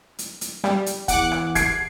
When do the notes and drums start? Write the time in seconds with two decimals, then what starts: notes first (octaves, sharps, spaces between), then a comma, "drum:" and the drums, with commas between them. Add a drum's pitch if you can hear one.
0.19 drum: hi-hat
0.41 drum: hi-hat
0.64 G3, drum: rim click
0.86 drum: hi-hat
1.08 E2 F#5 D6 F#6, drum: kick, hi-hat
1.32 drum: rim click
1.55 G#6 C7 D7, drum: kick, hi-hat